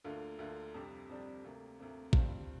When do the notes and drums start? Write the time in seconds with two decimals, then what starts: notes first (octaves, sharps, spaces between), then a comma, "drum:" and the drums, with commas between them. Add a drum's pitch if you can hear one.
0.04 D2 D3 A#3 F4
0.39 D2 D3 A#3 F4
0.74 F2 C3 G3 D4
1.09 F2 C3 G3 D4
1.44 D2 C3 A#3
1.79 D2 C3 A#3
2.13 G2 G3 C4 F4, drum: kick A1